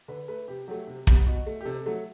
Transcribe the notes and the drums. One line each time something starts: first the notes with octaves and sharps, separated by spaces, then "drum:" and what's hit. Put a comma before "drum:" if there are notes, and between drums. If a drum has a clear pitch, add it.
D3 B4
A3 B4
C3 G4
F#3 A3 G4
C3
G3 B3, drum: kick
B2
A3
G4
C3 A4
F#3 A3